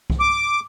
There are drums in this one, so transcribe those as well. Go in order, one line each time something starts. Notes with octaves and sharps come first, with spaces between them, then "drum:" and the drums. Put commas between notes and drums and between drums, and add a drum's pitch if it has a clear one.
drum: kick C2
D6